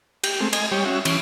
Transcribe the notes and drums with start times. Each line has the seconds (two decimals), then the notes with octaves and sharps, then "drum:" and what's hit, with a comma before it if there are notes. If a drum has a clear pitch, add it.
0.24 G4, drum: cymbal
0.40 G#3 A3 C4
0.53 D#5 G#5, drum: cymbal
0.71 G3 G4 C#5
0.85 C#4 F#4 E5
1.05 E3 C#4, drum: cymbal